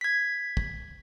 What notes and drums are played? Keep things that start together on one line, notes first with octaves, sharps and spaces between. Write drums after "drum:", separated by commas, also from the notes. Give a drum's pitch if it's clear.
G#6 B6
drum: kick